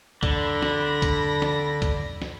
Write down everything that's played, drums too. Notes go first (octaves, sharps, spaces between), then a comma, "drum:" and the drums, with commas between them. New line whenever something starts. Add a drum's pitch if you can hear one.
D3 D5 B5 A#6, drum: kick C2, hi-hat
drum: snare
drum: kick C2, hi-hat
drum: snare
drum: kick C2, hi-hat
drum: snare